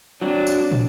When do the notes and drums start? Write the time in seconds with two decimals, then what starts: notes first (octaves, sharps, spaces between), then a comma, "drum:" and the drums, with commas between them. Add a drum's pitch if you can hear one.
0.21 F#3 C4 D4 F#4
0.47 drum: tambourine
0.72 drum: tom